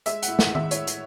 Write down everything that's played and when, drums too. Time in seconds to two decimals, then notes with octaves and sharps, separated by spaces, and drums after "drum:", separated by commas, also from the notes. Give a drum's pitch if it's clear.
0.06 G#3 E5, drum: hi-hat
0.22 F#5, drum: hi-hat
0.28 A2
0.39 F#5, drum: snare
0.49 G#3
0.55 E5, drum: tom
0.71 A2 C#5, drum: hi-hat
0.87 drum: hi-hat